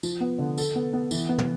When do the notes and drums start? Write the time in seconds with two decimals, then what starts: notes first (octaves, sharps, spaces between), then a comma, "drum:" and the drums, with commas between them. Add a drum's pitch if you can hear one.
0.03 F3, drum: tambourine
0.21 B3
0.38 D3
0.58 A4, drum: tambourine
0.75 B3
0.93 B3
1.11 E3, drum: tambourine
1.29 B3
1.38 drum: tom